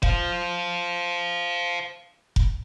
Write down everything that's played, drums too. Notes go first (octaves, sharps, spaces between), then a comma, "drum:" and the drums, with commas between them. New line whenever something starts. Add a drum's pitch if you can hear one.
C5 F5, drum: kick F1
drum: kick F1